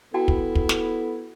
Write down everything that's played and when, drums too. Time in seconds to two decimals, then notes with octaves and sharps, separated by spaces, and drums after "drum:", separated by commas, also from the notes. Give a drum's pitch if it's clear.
0.14 B3 E4 F#4 A4 G5 A5
0.28 drum: kick
0.55 drum: kick
0.69 drum: snare